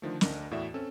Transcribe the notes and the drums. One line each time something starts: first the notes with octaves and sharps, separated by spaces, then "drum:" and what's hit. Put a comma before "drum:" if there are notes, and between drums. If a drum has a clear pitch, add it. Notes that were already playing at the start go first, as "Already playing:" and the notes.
D3 D#3 F3 A3
D2 D4 A#4 D#5, drum: snare
E2 A2 F#4 D5 E5 E7
C4 C#4 A4